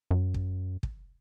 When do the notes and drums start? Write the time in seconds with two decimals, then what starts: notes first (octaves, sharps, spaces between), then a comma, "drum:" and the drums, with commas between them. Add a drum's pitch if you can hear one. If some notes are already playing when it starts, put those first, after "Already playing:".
0.11 F#2
0.34 drum: kick
0.83 drum: kick